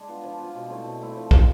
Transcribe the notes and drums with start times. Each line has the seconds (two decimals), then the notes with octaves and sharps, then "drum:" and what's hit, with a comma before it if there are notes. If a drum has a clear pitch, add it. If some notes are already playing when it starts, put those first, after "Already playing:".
Already playing: G#3 D4
0.08 B3 F4
0.23 F3
0.39 B3 F4
0.54 B2
0.70 A3 C4 E4
0.84 B2
1.00 A3 C4 E4
1.15 F3
1.31 G#3 B3 F4, drum: kick